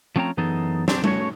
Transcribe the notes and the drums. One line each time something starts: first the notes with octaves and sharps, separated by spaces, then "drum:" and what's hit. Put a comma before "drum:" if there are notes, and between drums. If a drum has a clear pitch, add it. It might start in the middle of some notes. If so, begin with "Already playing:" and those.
F3 A3 C4 C#4 G5 A#5
F#2 E3 B3 D#4 G#4 A4
F#3 C4 D4 G4, drum: snare
A3 C#4 F#4 C#5, drum: tom G3